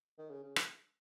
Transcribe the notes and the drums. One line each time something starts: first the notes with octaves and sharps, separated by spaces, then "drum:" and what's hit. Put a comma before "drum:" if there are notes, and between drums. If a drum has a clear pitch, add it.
D#3
C#3
C#3
drum: rim click